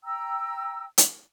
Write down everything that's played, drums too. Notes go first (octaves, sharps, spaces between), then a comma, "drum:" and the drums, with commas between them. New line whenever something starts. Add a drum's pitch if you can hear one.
G5 A#5 E6
drum: hi-hat